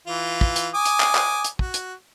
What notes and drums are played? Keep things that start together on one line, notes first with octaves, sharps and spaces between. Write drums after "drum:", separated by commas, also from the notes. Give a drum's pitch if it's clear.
E3 F4
drum: kick
drum: hi-hat
G#5 D6 D#6
drum: hi-hat
drum: clap
drum: clap
drum: hi-hat
F#4, drum: kick
drum: hi-hat